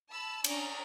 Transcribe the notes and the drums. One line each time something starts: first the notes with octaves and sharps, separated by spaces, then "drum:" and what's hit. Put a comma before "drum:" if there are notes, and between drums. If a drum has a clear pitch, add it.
A5 B5 E6
C#4 D4 A#5, drum: cymbal